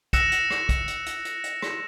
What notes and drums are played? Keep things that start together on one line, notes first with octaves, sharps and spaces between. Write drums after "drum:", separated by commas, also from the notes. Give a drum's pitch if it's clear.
E6 F#6 A#6 C#7 E7, drum: kick, hi-hat
drum: hi-hat
drum: rim click
drum: kick, hi-hat
drum: hi-hat
drum: hi-hat
drum: hi-hat
drum: hi-hat
drum: rim click